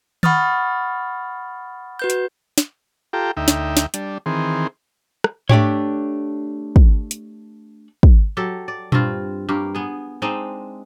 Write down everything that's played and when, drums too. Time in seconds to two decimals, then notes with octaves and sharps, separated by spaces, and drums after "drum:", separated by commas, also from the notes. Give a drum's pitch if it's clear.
0.23 F#5 B5 C#6 D#6 F6 A6, drum: tom D#3
1.99 F#4 B4 G6
2.10 drum: hi-hat
2.58 drum: snare
3.13 F4 G4 A4 G5 A#5
3.37 D2 D#4 E5 G5
3.48 drum: snare
3.77 drum: snare
3.94 G3 D4, drum: hi-hat
4.26 D#3 E3 C4 G#4 C6
5.24 drum: rim click
5.49 A3 D4 G4 C#5, drum: tom G#2
6.76 drum: kick
7.11 drum: hi-hat
8.03 drum: kick
8.37 F#3 G4 A4
8.68 D5
8.92 G2 C4 F4, drum: tom A#2
9.49 G2 A#3 G4
9.75 B3 G#4
10.22 G#3 C4 D4 D#4